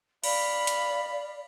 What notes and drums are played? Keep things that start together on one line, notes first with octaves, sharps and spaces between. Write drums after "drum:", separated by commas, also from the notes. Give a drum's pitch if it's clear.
D5 F5 B5, drum: cymbal
drum: hi-hat